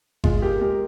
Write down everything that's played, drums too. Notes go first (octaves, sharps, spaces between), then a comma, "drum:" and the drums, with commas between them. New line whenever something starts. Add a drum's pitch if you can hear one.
G#3 F4 G#4, drum: kick G1
G4 A#4
G#3 G4 A#4